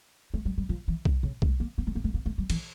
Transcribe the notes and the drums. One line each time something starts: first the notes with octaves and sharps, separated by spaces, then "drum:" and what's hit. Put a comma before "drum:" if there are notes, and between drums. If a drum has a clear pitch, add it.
A3
G3
G3
F3
E3
D3, drum: kick B1
C#3
A3, drum: kick B1
A#3
A#3
A3
A#3
A3
A#3
A3
G3
E3, drum: cymbal